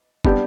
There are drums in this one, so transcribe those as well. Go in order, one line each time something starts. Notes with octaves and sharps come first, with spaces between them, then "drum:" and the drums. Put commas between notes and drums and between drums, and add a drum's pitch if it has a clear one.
B3 D4 G4, drum: kick